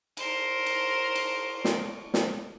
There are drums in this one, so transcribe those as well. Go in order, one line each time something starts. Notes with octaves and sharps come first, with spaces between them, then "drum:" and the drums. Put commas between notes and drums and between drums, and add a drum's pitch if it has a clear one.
A#4 C5, drum: cymbal
drum: cymbal
drum: cymbal
drum: snare
drum: snare